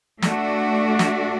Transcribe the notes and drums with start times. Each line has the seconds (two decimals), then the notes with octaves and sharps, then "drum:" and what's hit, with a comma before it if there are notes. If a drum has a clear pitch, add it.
0.22 A3 D4 F#4, drum: snare
0.99 drum: snare